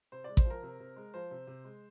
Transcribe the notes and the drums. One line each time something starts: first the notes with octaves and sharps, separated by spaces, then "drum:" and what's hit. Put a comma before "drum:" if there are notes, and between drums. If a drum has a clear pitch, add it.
C3 C5
G#3 D5
C5, drum: kick A1
F3
A#4
C3
C3
G#3
F3 C5
C3
C3
G#3